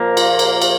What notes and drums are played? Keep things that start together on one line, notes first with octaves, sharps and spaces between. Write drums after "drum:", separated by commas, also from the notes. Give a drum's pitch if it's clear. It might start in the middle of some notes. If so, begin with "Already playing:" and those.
Already playing: A#2 F3 A#3
F4, drum: cymbal
drum: cymbal
drum: cymbal